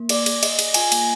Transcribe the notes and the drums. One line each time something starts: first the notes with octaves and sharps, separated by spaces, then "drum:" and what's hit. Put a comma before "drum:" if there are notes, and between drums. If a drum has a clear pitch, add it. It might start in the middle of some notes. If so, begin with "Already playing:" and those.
Already playing: A#3
G#4 D5, drum: cymbal
G#4, drum: cymbal
G#4 D#5, drum: cymbal
G#4, drum: cymbal
F4 G#5, drum: cymbal
A#3, drum: cymbal